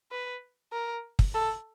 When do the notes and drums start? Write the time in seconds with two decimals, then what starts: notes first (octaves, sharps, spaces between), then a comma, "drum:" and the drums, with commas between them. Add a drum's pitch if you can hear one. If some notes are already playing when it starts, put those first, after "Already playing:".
0.11 B4
0.72 A#4
1.19 drum: kick
1.34 A4